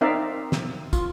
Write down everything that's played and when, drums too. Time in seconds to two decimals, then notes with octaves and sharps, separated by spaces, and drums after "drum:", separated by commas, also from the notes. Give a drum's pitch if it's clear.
0.01 C4 D#4 A#4 D5 E5 F5
0.52 drum: snare
0.93 F4, drum: kick, tambourine